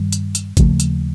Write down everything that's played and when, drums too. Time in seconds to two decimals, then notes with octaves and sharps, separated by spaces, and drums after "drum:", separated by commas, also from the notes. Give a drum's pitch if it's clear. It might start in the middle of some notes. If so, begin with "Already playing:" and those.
Already playing: G2 D#3 G3
0.12 drum: hi-hat
0.35 drum: hi-hat
0.57 D#2 C#3 F3 A3, drum: kick G#1, hi-hat
0.80 drum: hi-hat